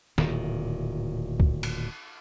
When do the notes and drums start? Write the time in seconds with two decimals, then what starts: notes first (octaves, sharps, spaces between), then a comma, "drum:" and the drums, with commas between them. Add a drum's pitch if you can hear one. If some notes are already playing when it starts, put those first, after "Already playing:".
0.18 D1 A#2 D#3, drum: snare
1.40 drum: kick
1.63 drum: cymbal